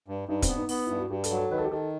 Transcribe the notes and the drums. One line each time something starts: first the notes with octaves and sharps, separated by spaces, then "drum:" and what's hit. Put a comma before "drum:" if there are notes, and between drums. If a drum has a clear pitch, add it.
G2
G2 D#4
C4, drum: kick, hi-hat
B3
D#4
B3, drum: open hi-hat
G2 E4
F#4
G2 G4
A4, drum: hi-hat
F#3
A4
D#3 B4
A4
G4
D#3 A4